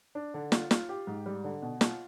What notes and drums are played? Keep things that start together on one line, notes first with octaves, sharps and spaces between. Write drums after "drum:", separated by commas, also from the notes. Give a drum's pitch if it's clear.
D4
D3
F4, drum: snare
F4, drum: snare
G4
G#2
G3
D3
B2
F4, drum: snare